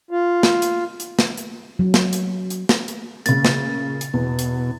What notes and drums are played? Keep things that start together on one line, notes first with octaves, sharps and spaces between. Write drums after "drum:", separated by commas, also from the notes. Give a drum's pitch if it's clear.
F4
drum: snare
drum: hi-hat
drum: hi-hat
drum: snare
drum: hi-hat
F#3
drum: snare
drum: hi-hat
drum: hi-hat
drum: snare
drum: hi-hat
A#2 C#3 A6, drum: hi-hat
drum: snare
drum: hi-hat
E2 B2
drum: hi-hat